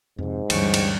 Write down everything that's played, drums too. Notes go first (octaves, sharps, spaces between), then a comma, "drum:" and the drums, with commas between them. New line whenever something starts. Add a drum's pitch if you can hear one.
F2 G#2 C3
D2 G2 E3 G3 C#4 C#6, drum: cymbal
drum: cymbal